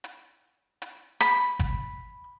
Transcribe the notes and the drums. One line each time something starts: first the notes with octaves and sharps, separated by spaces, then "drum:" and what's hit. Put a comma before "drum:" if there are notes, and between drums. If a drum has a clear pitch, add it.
drum: hi-hat
drum: hi-hat
B5
drum: kick G#1, hi-hat